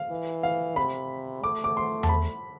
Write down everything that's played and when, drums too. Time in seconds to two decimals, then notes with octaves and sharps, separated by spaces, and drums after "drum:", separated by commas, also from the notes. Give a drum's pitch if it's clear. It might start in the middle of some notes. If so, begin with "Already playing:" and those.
Already playing: F5
0.11 E3
0.43 F5
0.76 C3 B5
1.43 A3 D6
1.64 D6
1.77 C6
2.03 A5, drum: tom E2
2.09 B5